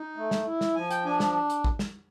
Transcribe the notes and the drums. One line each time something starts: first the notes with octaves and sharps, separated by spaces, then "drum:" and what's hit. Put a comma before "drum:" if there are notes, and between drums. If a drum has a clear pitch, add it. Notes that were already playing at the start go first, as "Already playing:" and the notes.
Already playing: D#4
A3
drum: snare
E4
drum: snare
F3 G#5
G5, drum: hi-hat
D4 G#5
drum: snare
drum: hi-hat
drum: kick
drum: snare